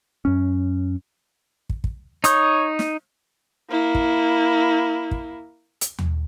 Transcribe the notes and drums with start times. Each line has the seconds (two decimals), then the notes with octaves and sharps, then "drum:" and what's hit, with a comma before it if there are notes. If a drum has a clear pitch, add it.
0.25 F#2 C#4
1.70 drum: kick
1.84 drum: kick
2.24 D#4 C#5 D#6 G6, drum: hi-hat
2.79 drum: snare
3.70 A#3 E4
3.95 drum: kick
5.11 drum: kick
5.81 drum: hi-hat
5.99 drum: tom D#2